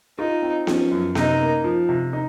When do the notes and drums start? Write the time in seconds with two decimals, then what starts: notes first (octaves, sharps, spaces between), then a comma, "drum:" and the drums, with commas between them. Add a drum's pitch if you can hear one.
0.18 D#4 F4
0.42 C4
0.67 F3 C#4, drum: snare B3
0.91 F#2
1.15 C3 D#4, drum: snare B3
1.40 A#3
1.64 F3
1.89 C3
2.13 D#4